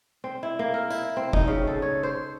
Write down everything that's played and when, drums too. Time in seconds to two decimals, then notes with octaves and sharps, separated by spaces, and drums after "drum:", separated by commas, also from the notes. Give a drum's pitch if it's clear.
0.24 C4
0.43 E4
0.59 A#3
0.74 A#4
0.90 E4, drum: tambourine
1.17 C4
1.33 D#4, drum: kick F1
1.48 C#3
1.67 A4
1.82 C#5
2.03 C5